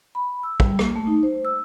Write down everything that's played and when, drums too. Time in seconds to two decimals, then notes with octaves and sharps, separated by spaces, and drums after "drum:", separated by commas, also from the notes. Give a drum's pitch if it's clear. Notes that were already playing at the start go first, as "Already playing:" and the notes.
0.15 B5
0.43 E6
0.60 G3, drum: kick
0.79 A#3, drum: rim click
0.96 A3
1.07 D#4
1.23 C5
1.45 E6